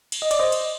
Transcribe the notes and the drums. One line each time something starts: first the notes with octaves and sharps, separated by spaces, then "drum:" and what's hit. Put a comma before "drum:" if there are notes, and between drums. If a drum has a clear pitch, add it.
drum: cymbal
D#5
D5, drum: cymbal
C5 D#5
drum: cymbal